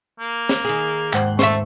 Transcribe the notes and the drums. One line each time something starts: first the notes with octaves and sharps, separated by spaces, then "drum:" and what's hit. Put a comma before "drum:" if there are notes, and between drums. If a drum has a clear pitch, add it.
A#3
drum: snare
D#3 G#4
D#2 G#2 C5 F#5 G5, drum: clap
A3 C5 E5 C#6, drum: snare